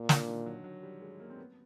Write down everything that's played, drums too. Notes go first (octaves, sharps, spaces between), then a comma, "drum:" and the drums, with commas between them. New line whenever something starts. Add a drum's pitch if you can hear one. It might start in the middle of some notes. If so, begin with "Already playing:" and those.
Already playing: A#2
D3, drum: snare
D#3
F#3
F#3
G3
G#3
A#3
C4
B3